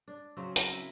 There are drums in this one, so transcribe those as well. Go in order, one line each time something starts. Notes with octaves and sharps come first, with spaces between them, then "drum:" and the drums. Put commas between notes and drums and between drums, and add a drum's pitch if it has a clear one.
D4
C#3 F#3 C4
A#4, drum: hi-hat
E4